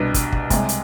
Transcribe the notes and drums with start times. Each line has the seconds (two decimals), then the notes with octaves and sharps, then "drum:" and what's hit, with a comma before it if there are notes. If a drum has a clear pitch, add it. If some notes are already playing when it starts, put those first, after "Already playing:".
Already playing: C2 B2 B3 D4
0.14 drum: kick, hi-hat
0.32 drum: kick
0.50 C2 C3 G#3, drum: kick, hi-hat
0.69 drum: hi-hat